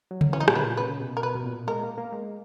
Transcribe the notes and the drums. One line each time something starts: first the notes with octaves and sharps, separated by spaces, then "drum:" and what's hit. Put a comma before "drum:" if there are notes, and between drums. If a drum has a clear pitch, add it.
F#3
drum: tom C#3
E3 C#4
D#4
A#2 C#4, drum: rim click
B4
A#2
C#3 B4
B2
A#4
B2 B4
B2
A#2
G#3 A#4
A#3
A#3
G#3